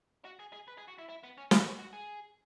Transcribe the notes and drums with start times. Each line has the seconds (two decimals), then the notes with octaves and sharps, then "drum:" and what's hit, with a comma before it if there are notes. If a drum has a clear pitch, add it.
0.25 F#4
0.39 G#4
0.53 G#4
0.68 B4
0.78 G#4
0.88 F#4
0.99 E4
1.09 E4
1.23 B3
1.38 C#4
1.51 E4, drum: snare
1.65 F#4
1.79 F#4
1.93 G#4